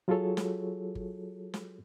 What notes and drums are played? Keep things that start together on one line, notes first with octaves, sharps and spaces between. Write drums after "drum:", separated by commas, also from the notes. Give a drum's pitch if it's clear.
F#3 F4 F#4 G#4 A4 C#5
drum: snare
drum: kick G1
drum: snare